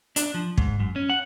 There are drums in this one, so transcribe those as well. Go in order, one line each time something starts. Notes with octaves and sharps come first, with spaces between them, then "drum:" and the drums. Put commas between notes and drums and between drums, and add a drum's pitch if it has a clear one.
D4, drum: hi-hat
F3
G#2, drum: kick
F#2
C#4
F#5